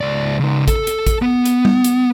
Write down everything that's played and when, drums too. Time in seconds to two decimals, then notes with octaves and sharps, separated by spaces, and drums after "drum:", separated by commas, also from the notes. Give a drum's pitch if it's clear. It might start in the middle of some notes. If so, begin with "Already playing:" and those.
0.01 C#2 D5
0.40 C#3 D#4
0.68 A4, drum: kick, hi-hat
0.87 drum: hi-hat
1.07 drum: kick, hi-hat
1.22 B3
1.45 drum: hi-hat
1.65 drum: tom G3
1.84 drum: hi-hat